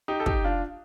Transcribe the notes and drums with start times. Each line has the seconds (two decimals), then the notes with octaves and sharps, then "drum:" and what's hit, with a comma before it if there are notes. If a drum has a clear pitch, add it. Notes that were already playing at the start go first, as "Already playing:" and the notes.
0.08 D#4 G4
0.20 A4
0.26 D#4 G4, drum: kick
0.44 D4 F4